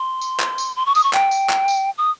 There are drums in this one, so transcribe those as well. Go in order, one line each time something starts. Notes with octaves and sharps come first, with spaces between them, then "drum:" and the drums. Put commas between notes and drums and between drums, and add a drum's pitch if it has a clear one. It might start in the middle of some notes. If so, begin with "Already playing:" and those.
Already playing: C6
drum: tambourine
drum: clap
drum: tambourine
C6
C#6
D#6, drum: tambourine
C#6
G5, drum: clap
drum: tambourine
drum: clap
drum: tambourine
D#6